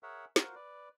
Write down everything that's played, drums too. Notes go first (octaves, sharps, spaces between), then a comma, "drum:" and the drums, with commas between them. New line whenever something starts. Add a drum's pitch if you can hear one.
G#4 A#4 C#5 E5 F#5
F4 F#4 A#4 C5, drum: snare
B4 D5